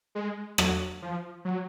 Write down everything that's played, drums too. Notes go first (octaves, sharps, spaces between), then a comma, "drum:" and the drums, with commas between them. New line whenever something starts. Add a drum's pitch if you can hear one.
G#3
F#3, drum: rim click
F3
F#3